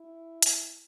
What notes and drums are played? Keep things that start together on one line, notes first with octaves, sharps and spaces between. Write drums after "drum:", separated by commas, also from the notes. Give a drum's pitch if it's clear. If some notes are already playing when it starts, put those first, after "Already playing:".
Already playing: E4
drum: hi-hat